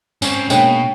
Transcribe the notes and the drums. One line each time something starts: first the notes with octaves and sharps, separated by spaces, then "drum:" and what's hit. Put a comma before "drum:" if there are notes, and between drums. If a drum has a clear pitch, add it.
G#2 C4 C#4 C#5, drum: tambourine
B2 G#3 A#3 D4 C#5 G5, drum: tambourine